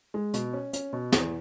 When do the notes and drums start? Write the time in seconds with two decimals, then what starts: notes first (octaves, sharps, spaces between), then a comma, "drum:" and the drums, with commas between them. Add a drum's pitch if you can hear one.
0.14 G#3
0.34 B2, drum: hi-hat
0.53 C#4
0.73 C#4, drum: hi-hat
0.93 B2
1.12 E2, drum: snare